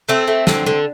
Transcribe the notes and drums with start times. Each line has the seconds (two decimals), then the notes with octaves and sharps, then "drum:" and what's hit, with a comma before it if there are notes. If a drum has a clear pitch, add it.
0.09 A3 C4
0.27 A3
0.47 D3, drum: snare
0.66 D3